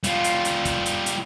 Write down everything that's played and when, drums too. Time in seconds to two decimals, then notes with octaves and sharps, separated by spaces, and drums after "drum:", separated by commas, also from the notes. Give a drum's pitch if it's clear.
0.04 G3 F4, drum: hi-hat
0.24 drum: hi-hat
0.45 drum: hi-hat
0.65 drum: kick, hi-hat
0.86 drum: hi-hat
1.06 drum: hi-hat